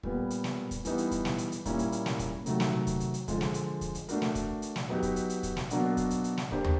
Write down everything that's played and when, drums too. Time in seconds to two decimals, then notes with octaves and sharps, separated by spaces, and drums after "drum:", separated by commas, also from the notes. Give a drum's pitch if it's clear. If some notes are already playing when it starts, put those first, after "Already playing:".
0.03 A#2 G3 B3, drum: kick
0.30 drum: hi-hat
0.44 drum: snare
0.71 drum: kick, hi-hat
0.85 E3 G3 B3 D#4, drum: hi-hat
0.98 drum: hi-hat
1.11 drum: kick, hi-hat
1.25 drum: snare
1.38 drum: hi-hat
1.52 drum: hi-hat
1.65 A#2 G3 A#3 C#4 E4, drum: kick, hi-hat
1.79 drum: hi-hat
1.92 drum: hi-hat
2.06 drum: snare
2.19 drum: kick, hi-hat
2.46 C3 D#3 F#3 A3, drum: hi-hat
2.60 drum: snare
2.87 drum: kick, hi-hat
3.00 drum: hi-hat
3.14 drum: hi-hat
3.28 D3 F3 G#3, drum: kick, hi-hat
3.41 drum: snare
3.54 drum: hi-hat
3.81 drum: kick, hi-hat
3.95 drum: hi-hat
4.09 A3 D4 F#4 A#4, drum: hi-hat
4.22 drum: snare
4.35 drum: kick, hi-hat
4.62 drum: hi-hat
4.76 drum: snare
4.89 F#3 B3 D#4 G4 B4
5.03 drum: kick, hi-hat
5.16 drum: hi-hat
5.30 drum: hi-hat
5.43 drum: kick, hi-hat
5.57 drum: snare
5.70 B2 F#3 A#3 D4 F#4, drum: hi-hat
5.97 drum: kick, hi-hat
6.10 drum: hi-hat
6.24 drum: hi-hat
6.37 drum: snare
6.51 A#3 D4 G4 C5, drum: kick
6.64 drum: tom